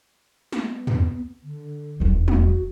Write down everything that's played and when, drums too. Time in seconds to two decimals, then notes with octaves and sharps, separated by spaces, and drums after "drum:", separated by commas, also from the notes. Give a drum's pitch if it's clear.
0.52 drum: snare
0.67 B3
0.87 drum: tom
1.43 D3
2.00 D#1 E2
2.28 F#4, drum: tom